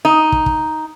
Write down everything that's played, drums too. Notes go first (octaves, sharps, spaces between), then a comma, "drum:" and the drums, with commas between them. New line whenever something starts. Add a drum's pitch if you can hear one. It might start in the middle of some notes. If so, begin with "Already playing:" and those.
D#4
drum: kick
drum: kick